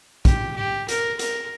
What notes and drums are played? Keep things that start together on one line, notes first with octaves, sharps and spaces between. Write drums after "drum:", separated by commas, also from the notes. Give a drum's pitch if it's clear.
G4, drum: kick, hi-hat
G4
A#4, drum: hi-hat
A#4, drum: hi-hat